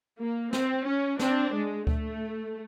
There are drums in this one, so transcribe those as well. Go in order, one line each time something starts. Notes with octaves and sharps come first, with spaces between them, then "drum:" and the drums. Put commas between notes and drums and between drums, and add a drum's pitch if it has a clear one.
A#3
C4, drum: snare
C#4
C4 D4, drum: snare
G#3
A3, drum: kick D2